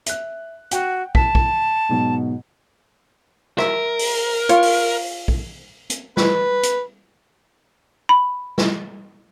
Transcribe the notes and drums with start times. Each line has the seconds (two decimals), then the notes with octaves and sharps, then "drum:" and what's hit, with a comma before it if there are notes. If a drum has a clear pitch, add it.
0.06 E5 F#6, drum: hi-hat
0.71 F#4 F#5 G5, drum: hi-hat
1.15 A5 B6, drum: kick
1.35 drum: kick
1.89 G#2 B2 F#3
3.58 A#4 E5, drum: rim click
3.99 drum: open hi-hat
4.49 F4 C#5, drum: hi-hat
4.63 drum: open hi-hat
5.28 drum: kick
5.90 drum: hi-hat
6.17 B4, drum: snare
6.63 drum: hi-hat
8.09 B5
8.58 drum: snare